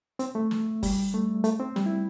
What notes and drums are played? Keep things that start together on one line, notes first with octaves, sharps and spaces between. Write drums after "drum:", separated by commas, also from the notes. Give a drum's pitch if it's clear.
C4, drum: hi-hat
A3
drum: snare
G3, drum: kick, open hi-hat
A3
A3, drum: hi-hat
C4
G3, drum: snare
E4